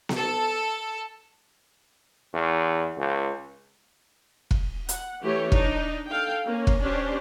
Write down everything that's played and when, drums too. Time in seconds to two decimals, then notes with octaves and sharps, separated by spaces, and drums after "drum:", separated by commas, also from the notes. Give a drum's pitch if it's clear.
0.09 drum: snare B3
0.18 A4
2.34 E2
2.98 C#2
4.51 drum: kick F1
4.89 F#5, drum: hi-hat
5.23 E3 A3 G4 C#5
5.52 D4 D#4, drum: kick F1
6.08 A4 F5 G5
6.45 A#3 C#4
6.67 drum: kick F1
6.81 C#4 D4 G4 C5